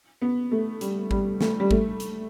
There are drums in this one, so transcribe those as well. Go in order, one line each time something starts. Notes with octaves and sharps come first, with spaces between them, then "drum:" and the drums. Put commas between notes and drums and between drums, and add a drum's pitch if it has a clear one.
B3
A3
G3, drum: hi-hat
G3, drum: kick G#1
A3, drum: snare
G3
A3, drum: kick G#1
drum: hi-hat